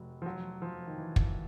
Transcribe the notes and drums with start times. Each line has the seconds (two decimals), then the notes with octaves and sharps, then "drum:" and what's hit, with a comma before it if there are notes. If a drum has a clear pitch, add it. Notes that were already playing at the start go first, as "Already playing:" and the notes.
Already playing: F1 F#3
0.22 F3
0.26 F#3
0.62 F3
0.87 D#3
0.98 E3
1.16 drum: kick